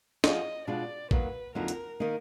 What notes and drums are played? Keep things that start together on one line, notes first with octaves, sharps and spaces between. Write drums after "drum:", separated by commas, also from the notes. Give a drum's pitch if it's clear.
F3 B3 F4 G#4 D#5, drum: snare
B2 G#3 D4 F4 D5
D#3 F#3 A#3 B4, drum: kick A#1
F2 D3 F#3 A#3 D#4 A#4
drum: hi-hat
D#3 A#3 D#4